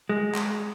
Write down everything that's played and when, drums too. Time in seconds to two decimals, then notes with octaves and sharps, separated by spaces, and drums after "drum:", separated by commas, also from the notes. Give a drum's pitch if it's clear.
0.09 G#3
0.35 drum: clap